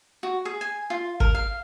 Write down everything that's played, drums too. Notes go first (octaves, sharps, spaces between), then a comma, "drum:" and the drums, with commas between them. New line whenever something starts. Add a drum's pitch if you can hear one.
F#4
G#4
G#5
F4
A#4, drum: kick
F5